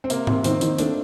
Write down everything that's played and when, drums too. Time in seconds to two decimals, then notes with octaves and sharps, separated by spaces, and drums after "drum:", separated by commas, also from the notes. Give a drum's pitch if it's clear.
0.04 C4
0.10 C3 A#3, drum: hi-hat
0.27 C3, drum: tom G#2
0.44 D#3 C4, drum: hi-hat
0.61 D#3, drum: hi-hat
0.78 A3 D4, drum: hi-hat